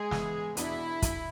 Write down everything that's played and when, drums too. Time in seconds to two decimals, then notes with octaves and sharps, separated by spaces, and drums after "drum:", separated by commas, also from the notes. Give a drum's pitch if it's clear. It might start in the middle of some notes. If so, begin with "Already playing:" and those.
Already playing: G#3 G#4
0.11 G#2 E3 B3, drum: snare
0.57 E2 B2 B3 D4 E4, drum: hi-hat
1.02 drum: kick, hi-hat